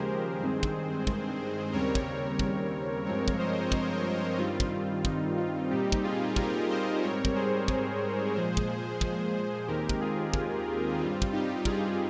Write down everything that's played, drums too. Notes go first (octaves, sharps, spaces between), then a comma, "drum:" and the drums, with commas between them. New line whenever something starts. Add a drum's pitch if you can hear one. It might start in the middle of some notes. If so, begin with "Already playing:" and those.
Already playing: D#2 C#3 F3 G#3 G4 G#4 A#4 C5
G2 D#3 G#3 C4
drum: kick
drum: kick
D#2 C#3 G3 C4 A#4 C#5
drum: kick
drum: kick
G2 F3 G#3 C4 A#4 C#5
drum: kick
C5 D#5
drum: kick
G2 D#3 G3 C4 F4
drum: kick
D#4, drum: kick
F4
A#2 G3 C4 D#4 G4
drum: kick
F4 G#4
G4 A#4, drum: kick
C5 D#5
G#2 G3 C4 A#4 C#5
drum: kick
G#4 C5
G#4 C5, drum: kick
A#2 F3 G#3 G#4 C5
drum: kick
drum: kick
D#2 D#3 G#3 C4 G4 A#4
drum: kick
F4 G#4
F4, drum: kick
G2 G3 C4 F4
drum: kick
D#4 G4
F4 G#4, drum: kick